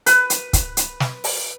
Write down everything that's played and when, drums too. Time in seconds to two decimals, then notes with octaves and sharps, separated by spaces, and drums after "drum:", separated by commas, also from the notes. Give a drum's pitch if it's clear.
0.06 B4, drum: hi-hat
0.30 drum: hi-hat
0.53 drum: kick, hi-hat
0.77 drum: hi-hat
1.00 drum: snare
1.24 drum: open hi-hat